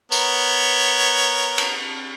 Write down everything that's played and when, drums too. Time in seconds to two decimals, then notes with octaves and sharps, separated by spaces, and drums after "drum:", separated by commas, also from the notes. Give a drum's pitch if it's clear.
0.12 B3 A#4 C#5, drum: tambourine
1.58 drum: cymbal